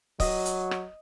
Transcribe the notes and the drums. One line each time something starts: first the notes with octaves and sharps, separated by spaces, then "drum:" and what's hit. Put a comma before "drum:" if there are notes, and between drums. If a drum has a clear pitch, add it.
F#3 D#5, drum: kick C#1, open hi-hat
drum: hi-hat
drum: rim click